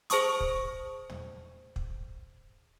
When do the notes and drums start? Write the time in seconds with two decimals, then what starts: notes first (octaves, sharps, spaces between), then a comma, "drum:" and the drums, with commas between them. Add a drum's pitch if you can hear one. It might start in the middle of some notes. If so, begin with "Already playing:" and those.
0.10 G#4 C5 A5 C#6 D#6, drum: hi-hat
0.40 drum: kick
1.10 drum: tom
1.76 drum: kick